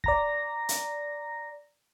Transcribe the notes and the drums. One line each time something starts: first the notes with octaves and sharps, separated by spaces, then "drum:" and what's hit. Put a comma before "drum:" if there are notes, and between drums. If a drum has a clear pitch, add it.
D5 A#5 A#6, drum: kick
drum: hi-hat